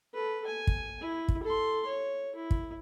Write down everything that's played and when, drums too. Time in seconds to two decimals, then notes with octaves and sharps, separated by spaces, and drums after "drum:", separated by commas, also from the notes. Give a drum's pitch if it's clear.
0.14 A4 B4
0.47 G#5
0.67 drum: kick
1.01 E4
1.28 drum: kick
1.43 A4 C6
1.86 C#5
2.35 E4
2.51 drum: kick